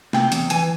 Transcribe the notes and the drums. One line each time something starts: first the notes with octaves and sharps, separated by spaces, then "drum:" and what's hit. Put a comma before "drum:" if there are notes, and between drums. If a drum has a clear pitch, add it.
C3 G5, drum: snare A3
E2, drum: hi-hat
E3 G#5, drum: hi-hat